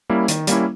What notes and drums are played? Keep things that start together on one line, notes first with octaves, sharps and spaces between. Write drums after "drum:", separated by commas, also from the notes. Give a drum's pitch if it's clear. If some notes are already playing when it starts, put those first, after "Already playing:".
G3 A#3 C#4 E4
D#3, drum: hi-hat
G3 A#3 C#4 E4, drum: hi-hat